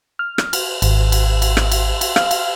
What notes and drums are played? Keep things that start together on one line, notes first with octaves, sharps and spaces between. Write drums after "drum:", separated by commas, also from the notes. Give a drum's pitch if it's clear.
F6
drum: rim click
drum: cymbal
G#1, drum: cymbal
drum: cymbal
drum: cymbal
drum: rim click
drum: cymbal
drum: cymbal
F5, drum: rim click
drum: cymbal